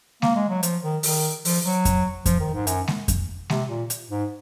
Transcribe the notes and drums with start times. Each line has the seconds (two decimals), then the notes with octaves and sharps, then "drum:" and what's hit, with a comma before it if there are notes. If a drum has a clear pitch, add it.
0.22 A#3, drum: snare G#3
0.35 G#3
0.49 F#3
0.63 F3, drum: hi-hat
0.83 D#3
1.03 D#3, drum: open hi-hat
1.45 F3, drum: open hi-hat
1.64 F#3
1.85 drum: kick F2, hi-hat
2.26 F3, drum: kick F2, hi-hat
2.40 D#3
2.54 G#2
2.67 F#2, drum: hi-hat
2.88 drum: snare G#3
3.08 drum: kick F2, hi-hat
3.50 C3, drum: snare G#3
3.69 A#2
3.90 drum: hi-hat
4.10 G#2